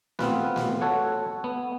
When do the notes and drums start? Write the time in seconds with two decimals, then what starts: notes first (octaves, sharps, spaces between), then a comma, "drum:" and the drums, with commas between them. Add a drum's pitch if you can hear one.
0.19 B3 C4 F4 B4, drum: snare A3
0.56 drum: snare A3
0.81 F#4 A4 C#5 F#5
1.44 B3